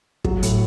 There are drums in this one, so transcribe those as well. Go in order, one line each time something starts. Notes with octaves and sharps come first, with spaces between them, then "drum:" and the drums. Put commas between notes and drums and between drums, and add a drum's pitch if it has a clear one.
F#3, drum: kick
A2, drum: hi-hat